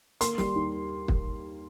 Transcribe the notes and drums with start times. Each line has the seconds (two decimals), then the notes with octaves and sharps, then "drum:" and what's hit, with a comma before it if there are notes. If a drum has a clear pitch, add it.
0.21 A#3 C6, drum: hi-hat
0.38 G3, drum: snare
0.56 D#2
1.08 drum: kick